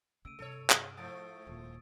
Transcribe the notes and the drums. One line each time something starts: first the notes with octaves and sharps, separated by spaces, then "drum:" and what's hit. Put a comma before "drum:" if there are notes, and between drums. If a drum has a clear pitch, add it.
C#3 A3 E6 D7 D#7
G2 C3 A4 C#5
drum: clap
G#2 F3 A3 D#6 A6 D7
D#1 F2 A#2